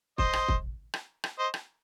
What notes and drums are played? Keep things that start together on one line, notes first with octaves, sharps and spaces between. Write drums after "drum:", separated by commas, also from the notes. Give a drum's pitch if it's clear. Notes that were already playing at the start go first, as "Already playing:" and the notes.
C5 D#5, drum: kick
drum: rim click
drum: kick
drum: rim click
drum: rim click
C5 D#5
drum: rim click